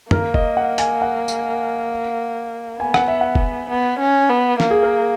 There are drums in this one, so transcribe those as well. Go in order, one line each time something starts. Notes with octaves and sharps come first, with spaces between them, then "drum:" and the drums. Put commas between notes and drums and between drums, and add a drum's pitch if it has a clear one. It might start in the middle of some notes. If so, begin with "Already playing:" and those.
A#3 A#4, drum: tom
D#5, drum: kick
F#5
G#5, drum: hi-hat
F#5
drum: tambourine
B3 G#5
F#5, drum: rim click
E5
F#5
drum: kick
B3
C#4
B3
A#3, drum: snare
G#4
A#4